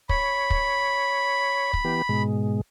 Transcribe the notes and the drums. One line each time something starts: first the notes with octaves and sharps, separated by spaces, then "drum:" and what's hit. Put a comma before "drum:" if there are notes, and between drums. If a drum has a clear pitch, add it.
C#5 B5, drum: kick
drum: kick
drum: kick
E3 B3 G4
G#2 B2 G#3